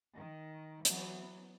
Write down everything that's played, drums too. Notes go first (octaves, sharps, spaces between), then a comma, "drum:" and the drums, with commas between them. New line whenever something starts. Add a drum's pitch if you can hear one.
D#3
E3 F#3 B3, drum: hi-hat